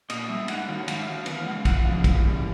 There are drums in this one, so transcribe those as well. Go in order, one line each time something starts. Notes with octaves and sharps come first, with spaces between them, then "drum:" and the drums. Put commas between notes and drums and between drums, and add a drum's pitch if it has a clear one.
A#2 D#5, drum: cymbal
G3 E5
G#2 F#5, drum: cymbal
F#5
D#3 F#3 F5
F#5
G#2 F5, drum: cymbal
E5
D#3 F#3 F5
E2 B4, drum: cymbal
F5
C#3 F3 G#3 F#5
F5
E2 F#5, drum: kick, cymbal
C#3 F3 G#3 F5
E2, drum: kick, cymbal
C#3 E3 G3